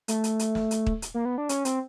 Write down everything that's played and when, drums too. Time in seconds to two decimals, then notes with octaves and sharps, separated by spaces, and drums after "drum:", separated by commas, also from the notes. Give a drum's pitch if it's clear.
0.08 A3, drum: hi-hat
0.24 drum: hi-hat
0.39 drum: hi-hat
0.55 drum: snare
0.71 drum: hi-hat
0.87 drum: kick
1.02 drum: hi-hat
1.14 A#3
1.25 B3
1.38 D4
1.49 C#4, drum: hi-hat
1.65 C4, drum: hi-hat